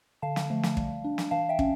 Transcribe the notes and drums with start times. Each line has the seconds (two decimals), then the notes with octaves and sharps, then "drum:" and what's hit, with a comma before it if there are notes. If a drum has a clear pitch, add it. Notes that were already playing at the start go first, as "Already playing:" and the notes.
0.22 D3 F5 A5
0.36 drum: snare
0.50 F3 A3
0.63 drum: snare
0.77 G3, drum: kick
1.04 D4
1.18 drum: snare
1.31 E3 F5 A5
1.49 E5 G5
1.59 C#4, drum: kick